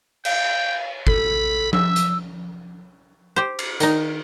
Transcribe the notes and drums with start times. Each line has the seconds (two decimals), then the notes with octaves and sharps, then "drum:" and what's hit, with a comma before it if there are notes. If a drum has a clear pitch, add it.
0.25 F5 G5, drum: cymbal
1.07 A4 B5, drum: kick
1.73 E5 E6, drum: tom F3
1.96 drum: hi-hat
3.36 G4 C5
3.59 drum: cymbal
3.80 D#3 D#4, drum: hi-hat